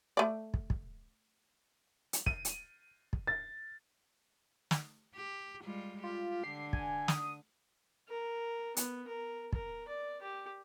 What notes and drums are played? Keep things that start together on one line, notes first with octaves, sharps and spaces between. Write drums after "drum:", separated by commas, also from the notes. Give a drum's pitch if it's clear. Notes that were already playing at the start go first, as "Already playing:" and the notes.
A3 D5
drum: kick
drum: kick
drum: hi-hat
D#7, drum: kick
drum: hi-hat
drum: kick
A6
drum: snare
G4
G3 G#3 F4
F4 G4
D3 C7
G#5, drum: kick
D#6, drum: snare
A#4
B3, drum: hi-hat
A#4
A#4, drum: kick
D5
G4